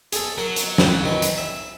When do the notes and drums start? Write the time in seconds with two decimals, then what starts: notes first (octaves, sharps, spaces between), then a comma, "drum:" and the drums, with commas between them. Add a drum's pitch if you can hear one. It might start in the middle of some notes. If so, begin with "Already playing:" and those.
0.12 G#4 A4, drum: hi-hat
0.38 F#3 A#4
0.56 drum: hi-hat
0.78 drum: snare
1.05 D#3 E3
1.22 drum: hi-hat
1.38 E5